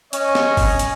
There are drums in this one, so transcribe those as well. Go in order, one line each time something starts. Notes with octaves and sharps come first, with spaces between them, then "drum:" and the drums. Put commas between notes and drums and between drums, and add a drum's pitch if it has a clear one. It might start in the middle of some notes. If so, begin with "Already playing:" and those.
C#4 C#5 D#5, drum: hi-hat
drum: snare
drum: kick, open hi-hat
drum: hi-hat